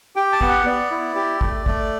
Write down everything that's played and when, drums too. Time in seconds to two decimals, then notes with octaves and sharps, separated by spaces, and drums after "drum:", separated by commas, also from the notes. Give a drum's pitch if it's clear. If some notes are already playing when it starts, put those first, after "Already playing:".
0.16 G4 G5
0.32 A5
0.41 B3, drum: kick
0.49 F#5
0.66 B3 D5
0.91 E4
1.15 G4
1.41 A3, drum: kick
1.66 A3, drum: kick